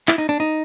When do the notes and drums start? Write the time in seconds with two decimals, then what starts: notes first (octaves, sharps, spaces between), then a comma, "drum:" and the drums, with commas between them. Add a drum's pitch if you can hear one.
0.08 E4, drum: clap
0.18 D#4
0.29 D4
0.40 D#4